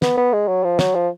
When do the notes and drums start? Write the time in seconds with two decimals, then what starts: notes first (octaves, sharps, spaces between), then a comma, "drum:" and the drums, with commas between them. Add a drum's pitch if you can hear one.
0.02 B3, drum: snare
0.17 B3
0.33 G#3
0.48 F#3
0.64 F3
0.79 F#3, drum: snare
0.95 F3